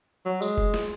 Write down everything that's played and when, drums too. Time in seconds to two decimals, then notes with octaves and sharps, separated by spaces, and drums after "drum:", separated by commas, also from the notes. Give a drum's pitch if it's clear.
0.25 F#3
0.42 G#3, drum: tambourine
0.58 drum: kick F1
0.74 drum: snare